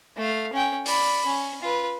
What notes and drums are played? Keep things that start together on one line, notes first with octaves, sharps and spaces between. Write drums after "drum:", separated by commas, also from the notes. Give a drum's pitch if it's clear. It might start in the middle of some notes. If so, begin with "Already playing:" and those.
A3 F5
C#4 G5
D5 B5, drum: open hi-hat
C#4
F4 B4